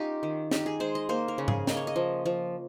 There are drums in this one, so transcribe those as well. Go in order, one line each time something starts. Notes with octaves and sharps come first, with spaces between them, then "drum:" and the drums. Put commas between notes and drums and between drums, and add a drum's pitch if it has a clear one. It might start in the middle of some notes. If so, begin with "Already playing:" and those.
Already playing: C#4 D#4 F4 G4
D#3
D#4 G4, drum: snare
G#4
G#3 C5
D#5
A#3 C5
A#4
C#3
G#4, drum: tom G#2
A#3 D#5, drum: snare
C#5
D#5
F3
F3